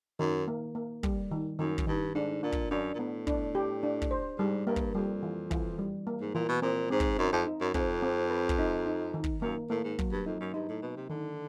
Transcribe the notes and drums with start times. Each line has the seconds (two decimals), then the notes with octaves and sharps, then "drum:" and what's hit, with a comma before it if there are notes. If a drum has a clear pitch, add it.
0.19 F#2 D#3
0.48 A#3
0.75 A#3
1.03 G3, drum: kick
1.31 D#3
1.59 F#2 D#3
1.78 drum: kick
1.87 G2 D#3
2.15 G#2 D4
2.43 A#2 D4
2.52 drum: kick
2.71 F#2 D4
2.94 A#2
2.99 A2 B3
3.27 D4, drum: kick
3.55 G4
3.83 D4
4.02 drum: kick
4.11 C5
4.38 G#2 G3
4.67 G2 A#3
4.76 drum: kick
4.94 F2 G3
5.23 E3
5.51 E3, drum: kick
5.79 G3
6.07 A#3
6.21 G#2
6.35 A#2 E3
6.48 B2
6.62 A#2 C4
6.90 G#2 C4
7.00 drum: kick
7.18 F#2 D#4
7.32 F2
7.47 D#4
7.61 F#2
7.74 F2 C4, drum: kick
8.02 C4
8.30 B4
8.49 drum: kick
8.59 D#4
8.86 D#4
9.14 D#3
9.24 drum: kick
9.42 F#2 A#3
9.70 A2 A#3
9.84 G#2
9.99 F#3, drum: kick
10.12 G2
10.26 F2 D#4
10.40 F#2
10.54 G2 D#4
10.68 A2
10.82 B2 A#3
10.96 C3
11.09 D3 D#3